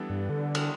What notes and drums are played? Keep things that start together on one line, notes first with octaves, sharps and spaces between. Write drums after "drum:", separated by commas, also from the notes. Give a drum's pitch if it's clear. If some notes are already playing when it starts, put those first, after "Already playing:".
Already playing: E3 G3 B3 D4 A4
G2
D3
drum: cymbal